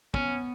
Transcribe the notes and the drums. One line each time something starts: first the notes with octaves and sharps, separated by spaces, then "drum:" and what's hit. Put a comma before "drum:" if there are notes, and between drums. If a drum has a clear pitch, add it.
B3 C#4, drum: kick